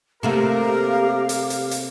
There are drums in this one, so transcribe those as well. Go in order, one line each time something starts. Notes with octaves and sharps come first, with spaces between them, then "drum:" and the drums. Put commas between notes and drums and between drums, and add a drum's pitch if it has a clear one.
C3 A3 A#3 G4 A#4 F5
drum: hi-hat
drum: hi-hat
drum: hi-hat